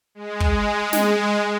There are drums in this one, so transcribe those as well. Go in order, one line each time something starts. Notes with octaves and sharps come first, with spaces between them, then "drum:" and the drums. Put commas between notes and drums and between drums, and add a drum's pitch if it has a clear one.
G#3
drum: kick
drum: snare